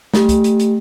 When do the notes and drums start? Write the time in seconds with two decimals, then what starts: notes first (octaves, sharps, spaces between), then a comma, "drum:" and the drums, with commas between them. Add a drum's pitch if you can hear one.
0.14 A3 G4, drum: snare
0.29 drum: kick, hi-hat
0.44 drum: hi-hat
0.60 drum: hi-hat